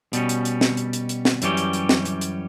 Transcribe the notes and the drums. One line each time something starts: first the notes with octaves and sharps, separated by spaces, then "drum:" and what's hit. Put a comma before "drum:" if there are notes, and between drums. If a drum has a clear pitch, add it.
B2 G3 C#4, drum: hi-hat
drum: hi-hat
drum: hi-hat
drum: snare
drum: hi-hat
drum: hi-hat
drum: hi-hat
drum: snare
F#2 E3 G3 C#4 G4, drum: hi-hat
drum: hi-hat
drum: hi-hat
drum: snare
drum: hi-hat
drum: hi-hat